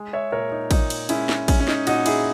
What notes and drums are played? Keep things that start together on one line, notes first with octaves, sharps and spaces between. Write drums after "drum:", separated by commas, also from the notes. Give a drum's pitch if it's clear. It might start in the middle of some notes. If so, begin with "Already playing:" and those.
Already playing: G#3
C#5 E5
A#2 A#4 C#5
D#4
A#2 D#4, drum: kick, cymbal
drum: cymbal
G#3 C#4 E4, drum: cymbal
drum: snare
G#3 C#4, drum: kick, cymbal
C#4
D#4, drum: snare
A#2 D#4 F#4, drum: cymbal
E4 G#4, drum: cymbal